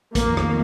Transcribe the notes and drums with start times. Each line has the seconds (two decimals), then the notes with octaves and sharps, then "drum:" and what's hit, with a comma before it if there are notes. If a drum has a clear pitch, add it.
0.15 F2 D#3 A#3, drum: kick, hi-hat
0.37 drum: rim click